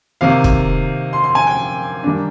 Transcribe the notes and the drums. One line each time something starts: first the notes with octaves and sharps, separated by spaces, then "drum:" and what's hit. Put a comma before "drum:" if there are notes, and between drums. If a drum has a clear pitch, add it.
C3 D#3 A#3 F5
drum: kick
C6
C6
G#5
G5
D#3 G3 A#3 D4